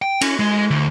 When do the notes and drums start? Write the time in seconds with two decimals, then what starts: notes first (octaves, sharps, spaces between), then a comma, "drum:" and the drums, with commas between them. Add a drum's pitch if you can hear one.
0.02 G5
0.21 C#4, drum: cymbal
0.40 G#3
0.70 D2